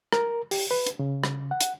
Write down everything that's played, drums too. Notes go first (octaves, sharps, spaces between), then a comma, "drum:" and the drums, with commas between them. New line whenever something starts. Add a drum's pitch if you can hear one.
A#4, drum: rim click
G4, drum: open hi-hat
B4
drum: hi-hat
C#3
drum: rim click
F#5
drum: hi-hat